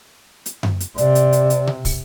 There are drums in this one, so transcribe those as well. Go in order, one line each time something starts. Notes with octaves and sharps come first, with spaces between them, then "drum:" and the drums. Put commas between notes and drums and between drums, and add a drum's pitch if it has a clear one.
drum: hi-hat
drum: tom F#2
drum: hi-hat
C3 D5, drum: hi-hat
drum: hi-hat
drum: hi-hat
drum: hi-hat
drum: tom B2
drum: kick, open hi-hat